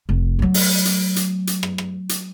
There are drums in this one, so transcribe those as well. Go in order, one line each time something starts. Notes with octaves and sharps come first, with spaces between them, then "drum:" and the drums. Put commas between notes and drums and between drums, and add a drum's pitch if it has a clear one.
F1
F#3 A3
drum: open hi-hat
drum: hi-hat
drum: hi-hat
drum: hi-hat
drum: rim click
drum: rim click
drum: hi-hat